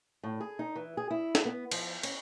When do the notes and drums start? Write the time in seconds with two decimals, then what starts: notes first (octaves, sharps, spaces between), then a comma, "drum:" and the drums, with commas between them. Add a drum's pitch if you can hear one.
0.23 A2
0.41 G#4
0.59 D#4
0.75 E3
0.97 G#4
1.11 E4
1.35 drum: snare
1.45 B3
1.72 F3, drum: cymbal
2.03 C#4, drum: cymbal